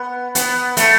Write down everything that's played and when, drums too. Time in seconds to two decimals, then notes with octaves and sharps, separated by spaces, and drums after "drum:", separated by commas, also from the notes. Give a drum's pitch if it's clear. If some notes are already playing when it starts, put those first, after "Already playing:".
Already playing: B3
0.35 B3, drum: hi-hat
0.77 A3, drum: hi-hat